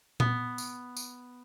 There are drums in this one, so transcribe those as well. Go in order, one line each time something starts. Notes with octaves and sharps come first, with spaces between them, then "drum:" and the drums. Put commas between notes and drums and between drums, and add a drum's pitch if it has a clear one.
B3, drum: tom A#2
drum: tambourine
drum: tambourine